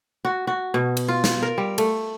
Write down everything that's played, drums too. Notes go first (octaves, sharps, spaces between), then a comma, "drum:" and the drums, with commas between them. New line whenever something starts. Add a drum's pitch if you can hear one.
F#4
F#4
B2
drum: cymbal
F4
drum: snare
A#4
G3
A3, drum: cymbal